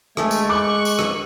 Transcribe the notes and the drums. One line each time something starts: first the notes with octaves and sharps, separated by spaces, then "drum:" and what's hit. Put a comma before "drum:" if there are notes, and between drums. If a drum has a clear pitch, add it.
G#3 A3 G#5, drum: rim click
drum: tambourine
C#6 D6 F#6
drum: tambourine
drum: rim click